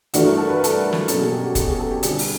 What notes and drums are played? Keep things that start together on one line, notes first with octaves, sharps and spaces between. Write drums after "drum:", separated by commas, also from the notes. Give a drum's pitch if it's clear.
G2 E3 A3 D4 F4 F#4, drum: hi-hat
A#4
A4
B4
A#4
A4, drum: hi-hat
A#4
drum: snare
B2 F#3 A#3 C#4 A4, drum: hi-hat
G#4
G4
F#4
G4, drum: kick F1, hi-hat
G#4
A4
G4
D3 G3 C4 F4 G#4, drum: hi-hat
drum: open hi-hat